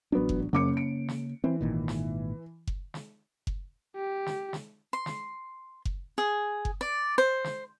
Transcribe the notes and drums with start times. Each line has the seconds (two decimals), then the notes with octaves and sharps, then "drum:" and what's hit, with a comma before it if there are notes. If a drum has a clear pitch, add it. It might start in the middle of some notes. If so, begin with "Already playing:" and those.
0.12 A1 F#3 B3 D4
0.29 drum: kick F#1
0.53 F#1 C#3 A#3 C#4 D6 C#7
0.77 D7
1.08 drum: snare
1.44 E3 C4
1.61 G#1 A#2 D#3
1.88 drum: snare
2.67 drum: kick F#1
2.94 drum: snare
3.47 drum: kick F#1
3.96 G4
4.26 drum: snare
4.53 drum: snare
4.93 C6
5.06 drum: snare
5.85 drum: kick F#1
6.18 G#4
6.65 drum: kick F#1
6.81 D5
7.18 C5
7.44 drum: snare